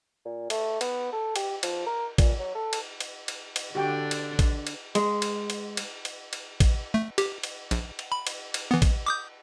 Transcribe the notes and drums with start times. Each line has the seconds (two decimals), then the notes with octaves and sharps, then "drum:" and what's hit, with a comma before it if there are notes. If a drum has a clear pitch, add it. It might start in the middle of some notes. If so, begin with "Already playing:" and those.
0.25 A#2
0.50 A3, drum: cymbal
0.81 B3, drum: cymbal
1.12 A4
1.36 G4, drum: cymbal
1.63 F3, drum: cymbal
1.86 A#4
2.18 A#2, drum: kick A1, cymbal
2.39 F#3
2.55 A4
2.73 drum: cymbal
3.00 drum: cymbal
3.28 drum: cymbal
3.56 drum: cymbal
3.75 D3 D4 F#4 G4 G5
4.11 drum: cymbal
4.39 drum: kick A1, cymbal
4.67 drum: cymbal
4.95 G#3, drum: cymbal
5.22 drum: cymbal
5.50 drum: cymbal
5.77 drum: cymbal
6.05 drum: cymbal
6.33 drum: cymbal
6.60 drum: kick A1, cymbal
6.94 A3
7.18 G4, drum: cymbal
7.43 drum: cymbal
7.71 A#1, drum: cymbal
7.99 drum: cymbal
8.12 B5
8.27 drum: cymbal
8.54 drum: cymbal
8.71 E3 B3
8.82 drum: kick A1, cymbal
9.06 D6 D#6 G6